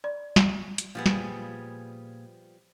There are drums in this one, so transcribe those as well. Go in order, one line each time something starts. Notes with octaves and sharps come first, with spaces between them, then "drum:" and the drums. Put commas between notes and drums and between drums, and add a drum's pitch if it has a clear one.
D5
drum: snare
drum: hi-hat
A#2 F3 G3 B3 G#4
drum: snare